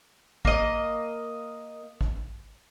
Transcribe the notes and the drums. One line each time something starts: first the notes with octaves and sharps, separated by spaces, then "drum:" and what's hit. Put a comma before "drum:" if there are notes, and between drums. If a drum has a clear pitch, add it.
A#3 D#5, drum: kick
drum: kick